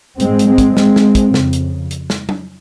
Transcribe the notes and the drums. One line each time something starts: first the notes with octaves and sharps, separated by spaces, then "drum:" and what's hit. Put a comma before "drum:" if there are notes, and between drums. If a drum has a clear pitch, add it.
G#2 G#3 C4, drum: hi-hat
drum: hi-hat
G#3 C4
drum: kick, hi-hat
G#3 C4, drum: snare
drum: snare
drum: kick, hi-hat
F2 C#3, drum: snare
drum: hi-hat
drum: hi-hat
drum: snare
drum: tom F#3